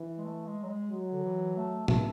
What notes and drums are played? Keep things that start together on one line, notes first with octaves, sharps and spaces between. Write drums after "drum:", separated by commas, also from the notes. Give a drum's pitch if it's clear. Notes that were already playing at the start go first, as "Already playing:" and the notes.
Already playing: E3
G#3
A3
G#3
F#3
G#3
F#3
D3
E3
A3
A3, drum: tom A2